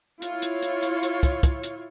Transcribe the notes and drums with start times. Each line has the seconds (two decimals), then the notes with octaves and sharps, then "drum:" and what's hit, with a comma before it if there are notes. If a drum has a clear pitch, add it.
0.22 E4 F4 C#5, drum: hi-hat
0.42 drum: hi-hat
0.62 drum: hi-hat
0.83 drum: hi-hat
1.03 drum: hi-hat
1.23 drum: kick, hi-hat
1.43 drum: kick, hi-hat
1.63 drum: hi-hat